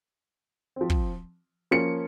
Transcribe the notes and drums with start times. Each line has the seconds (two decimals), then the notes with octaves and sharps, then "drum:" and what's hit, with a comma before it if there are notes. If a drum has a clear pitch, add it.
0.76 F3 C4
0.90 drum: kick
1.71 F3 A#3 C#4 C#7